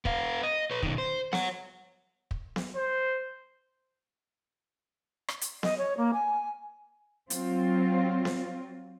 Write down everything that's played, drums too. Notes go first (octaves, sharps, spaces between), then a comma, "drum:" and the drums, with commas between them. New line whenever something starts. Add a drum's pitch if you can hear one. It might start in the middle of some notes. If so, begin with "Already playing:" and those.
B3 F5, drum: kick
D#5
B4 C#5
B2 D#3, drum: kick
C5
C#5 F#5, drum: snare B3
drum: kick
drum: snare B3
C5
drum: rim click
drum: hi-hat
D#5, drum: snare B3
C#5
A#3
G#5
F#3 C4 F4, drum: hi-hat
drum: snare B3